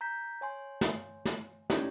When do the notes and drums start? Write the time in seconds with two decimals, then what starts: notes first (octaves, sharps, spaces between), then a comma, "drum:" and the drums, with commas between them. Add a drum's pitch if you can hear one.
0.01 A#5 G6 B6
0.41 C#5 G#5 C6
0.81 drum: snare
1.25 drum: snare
1.70 C#4 D#4 E4 G4 C#5 D5, drum: snare